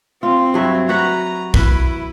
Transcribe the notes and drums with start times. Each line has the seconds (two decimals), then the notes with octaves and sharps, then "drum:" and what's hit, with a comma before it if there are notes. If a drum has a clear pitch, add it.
0.23 C4 F4
0.54 G2 F#3 E5
0.89 F#4 B4 F#5 A#5
1.54 E4 B4, drum: kick B1